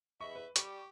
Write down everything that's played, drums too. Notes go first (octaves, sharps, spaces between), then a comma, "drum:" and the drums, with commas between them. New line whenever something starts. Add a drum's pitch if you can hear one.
E2 D#5 E5 B5 C#6
B4
G3 G4 C#6, drum: hi-hat